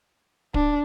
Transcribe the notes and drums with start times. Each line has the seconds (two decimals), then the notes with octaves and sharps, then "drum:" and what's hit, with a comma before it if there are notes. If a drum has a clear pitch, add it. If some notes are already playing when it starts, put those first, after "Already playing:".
0.54 D4, drum: kick